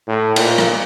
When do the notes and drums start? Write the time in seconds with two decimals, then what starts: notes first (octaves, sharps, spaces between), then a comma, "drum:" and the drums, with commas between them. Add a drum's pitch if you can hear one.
0.08 A2
0.36 A#2, drum: cymbal
0.58 drum: rim click